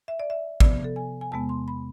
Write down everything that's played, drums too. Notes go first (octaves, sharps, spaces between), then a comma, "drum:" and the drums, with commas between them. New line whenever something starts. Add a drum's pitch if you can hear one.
E5
D5
E5
C3 F3 B3 D5, drum: kick G#1
A4
G#5
G#5
E2 C3 G#3 B3 A5
C6
B5